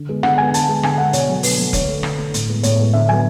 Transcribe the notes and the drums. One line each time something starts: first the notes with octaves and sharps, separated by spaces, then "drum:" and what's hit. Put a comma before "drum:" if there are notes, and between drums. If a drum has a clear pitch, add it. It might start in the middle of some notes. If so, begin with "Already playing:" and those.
Already playing: D3
G#3 B3
D3 F#5, drum: rim click
G#3 B3 G#5
D3 A5, drum: hi-hat
G#3 B3
D3 G#5, drum: rim click
G#3 B3 F#5
B2 C#5, drum: hi-hat
F#3 A3
B2 B4, drum: open hi-hat
F#3 A3
D3 C#5, drum: kick F1, hi-hat
A3
D3, drum: rim click
A3
A2, drum: hi-hat
G#3 B3
A2 C#5, drum: hi-hat
G#3 B3
D3 E5
F#3 B3 G#5